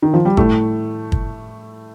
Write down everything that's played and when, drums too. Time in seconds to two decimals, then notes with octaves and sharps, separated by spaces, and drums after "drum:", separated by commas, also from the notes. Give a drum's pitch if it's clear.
0.02 D#3
0.14 F3
0.25 G3
0.37 A2 A3, drum: kick
1.12 drum: kick